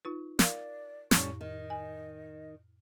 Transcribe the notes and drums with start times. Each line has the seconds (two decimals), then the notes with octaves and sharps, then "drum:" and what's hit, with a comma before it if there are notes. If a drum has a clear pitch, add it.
0.05 D#4 F4 B4
0.39 A#4 D5 F5, drum: snare
1.11 F2 A2 D3 G3 C#4 C#6, drum: snare
1.41 D#3 D#5
1.70 G#5